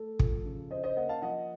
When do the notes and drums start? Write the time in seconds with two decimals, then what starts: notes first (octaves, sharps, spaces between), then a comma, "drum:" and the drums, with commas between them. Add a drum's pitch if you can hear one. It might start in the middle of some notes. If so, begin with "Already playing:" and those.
Already playing: A3 A4
0.19 F3, drum: kick
0.45 C#3
0.71 C#4 C5 D#5
0.84 C5 D#5
0.96 A#3 D#5 F#5
1.09 F5 A5
1.22 F3 D#5 F#5